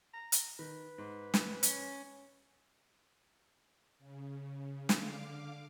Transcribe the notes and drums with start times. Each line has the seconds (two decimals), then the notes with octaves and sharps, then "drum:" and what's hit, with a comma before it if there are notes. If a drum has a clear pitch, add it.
0.14 A#5
0.32 drum: hi-hat
0.59 D#3 B4
0.98 G#2
1.34 drum: snare
1.63 C#4, drum: hi-hat
3.99 C#3
4.89 D3 F5 D6, drum: snare